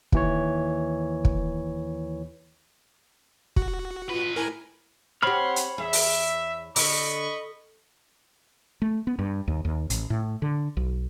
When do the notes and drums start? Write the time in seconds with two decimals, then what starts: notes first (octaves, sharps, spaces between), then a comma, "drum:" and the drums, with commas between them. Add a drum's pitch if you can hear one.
0.12 D#2 E3 C#5, drum: kick
1.25 drum: kick
3.56 F#4, drum: kick
4.09 A2 F4 B4
4.36 E4 A#4 G#5
5.23 C4 G4 C#5 F#5 B5 C6 F6
5.56 drum: hi-hat
5.78 E2 G#4 E5
5.93 drum: open hi-hat
6.76 D3 D#5 B5 C#6, drum: open hi-hat
8.82 A3
9.07 B3
9.19 G2
9.48 D#2
9.65 D#2
9.90 A1, drum: hi-hat
10.10 A2
10.42 D3
10.77 B1